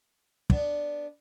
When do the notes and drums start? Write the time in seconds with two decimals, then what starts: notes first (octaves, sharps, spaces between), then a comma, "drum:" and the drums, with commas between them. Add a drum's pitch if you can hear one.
0.50 B3 D4, drum: kick